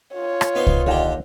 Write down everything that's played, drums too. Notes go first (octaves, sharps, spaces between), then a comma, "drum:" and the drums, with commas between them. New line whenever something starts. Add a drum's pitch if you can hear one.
F4 C#5
drum: rim click
B3 D#4 C5
drum: kick C2
D#2 D3 D#4 G4